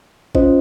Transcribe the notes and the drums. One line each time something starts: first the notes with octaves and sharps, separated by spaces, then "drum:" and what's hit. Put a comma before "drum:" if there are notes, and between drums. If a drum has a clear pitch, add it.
C#4 F4 C5 D#5, drum: kick G#1